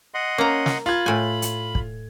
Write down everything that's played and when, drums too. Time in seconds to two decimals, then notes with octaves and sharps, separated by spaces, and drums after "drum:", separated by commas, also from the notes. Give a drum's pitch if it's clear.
0.14 D#5 F#5 C6
0.38 A#3 C#4 A#5
0.66 drum: snare
0.86 F4 B5 G#6
1.06 A2 G#5
1.42 drum: hi-hat
1.75 drum: kick